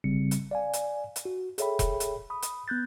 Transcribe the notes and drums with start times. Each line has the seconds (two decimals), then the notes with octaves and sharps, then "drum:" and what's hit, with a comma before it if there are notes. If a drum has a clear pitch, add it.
0.04 G1 C#3 G3 C4 C#7
0.31 drum: hi-hat
0.51 D5 F5 G#5
0.73 drum: hi-hat
1.16 drum: hi-hat
1.25 F#4
1.58 G#4 A4 C#5 E5 G5 B5, drum: hi-hat
1.79 drum: kick E1, hi-hat
2.00 drum: hi-hat
2.30 B5 D#6
2.42 drum: hi-hat
2.68 B3 F#6 G6 A6